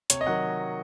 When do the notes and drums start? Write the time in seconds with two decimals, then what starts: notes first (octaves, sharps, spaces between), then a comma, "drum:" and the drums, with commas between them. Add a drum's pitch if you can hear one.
0.10 C3 C#5, drum: hi-hat
0.21 D#5
0.27 D#3 F#3 F#5